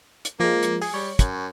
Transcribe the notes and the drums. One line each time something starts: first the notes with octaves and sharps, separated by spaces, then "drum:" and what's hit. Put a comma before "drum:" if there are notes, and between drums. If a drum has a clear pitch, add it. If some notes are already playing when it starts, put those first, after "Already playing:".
drum: hi-hat
F3 G#3 A#3
drum: hi-hat
G#4, drum: open hi-hat
G3 C#5
F#2, drum: kick, hi-hat